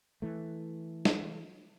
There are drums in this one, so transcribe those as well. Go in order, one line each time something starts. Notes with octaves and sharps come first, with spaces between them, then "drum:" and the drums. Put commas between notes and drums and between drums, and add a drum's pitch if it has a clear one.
E3 A3
drum: snare